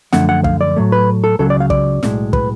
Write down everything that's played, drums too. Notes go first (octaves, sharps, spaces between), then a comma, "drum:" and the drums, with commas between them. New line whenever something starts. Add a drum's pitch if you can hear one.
F#2 D3 F3 A3 F#5, drum: snare
F#5
F5, drum: kick
D5
A2 F#3 A3
B4
A4
C#2 C#3 F#3 A4
D5
F5
D5, drum: kick
B1 A2 G#3, drum: snare
B4, drum: kick